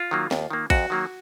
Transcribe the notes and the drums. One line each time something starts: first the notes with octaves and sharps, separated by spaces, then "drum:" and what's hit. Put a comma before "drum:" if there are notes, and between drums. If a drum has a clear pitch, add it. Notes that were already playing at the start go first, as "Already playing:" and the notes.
Already playing: F4
D#3 F#3 A#3
D#2, drum: snare
D#3 A#3
F2 F#4, drum: kick A1, cymbal
D#3 F#3 A#3